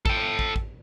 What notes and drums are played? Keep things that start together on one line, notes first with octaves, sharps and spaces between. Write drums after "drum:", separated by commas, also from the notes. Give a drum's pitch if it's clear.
A4 G5, drum: kick
drum: kick
drum: kick